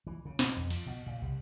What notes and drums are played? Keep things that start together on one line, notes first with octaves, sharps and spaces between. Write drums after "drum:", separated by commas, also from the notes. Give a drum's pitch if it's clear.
E3
C#3
B2, drum: snare
F2
F3, drum: cymbal
B2
A#2
C2